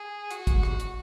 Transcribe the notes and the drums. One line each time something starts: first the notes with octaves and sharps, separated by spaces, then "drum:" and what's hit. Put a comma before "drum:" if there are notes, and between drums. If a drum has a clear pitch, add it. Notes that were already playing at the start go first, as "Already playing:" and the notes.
Already playing: G#4
F#4, drum: hi-hat
drum: kick, hi-hat
drum: rim click
drum: hi-hat